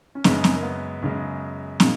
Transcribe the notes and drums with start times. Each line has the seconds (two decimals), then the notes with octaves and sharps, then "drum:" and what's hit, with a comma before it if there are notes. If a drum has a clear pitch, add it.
0.15 C#4
0.24 F#2 C#3 G#3 B3, drum: snare
0.44 drum: snare
0.55 A#3
0.63 B3
1.02 F#2 C#3 G#3
1.80 A#2 G#3, drum: snare